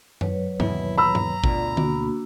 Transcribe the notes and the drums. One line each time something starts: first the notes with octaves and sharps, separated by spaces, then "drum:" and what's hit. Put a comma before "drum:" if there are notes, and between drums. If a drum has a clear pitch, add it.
F#3 B4 C#5, drum: tom F#2
D#2 B2 E3 E4, drum: tom G2
A#5 B5 E6
drum: tom G2
D2 B2 D3 F4 D5, drum: kick A1
A#3 D4 F#4, drum: tom D3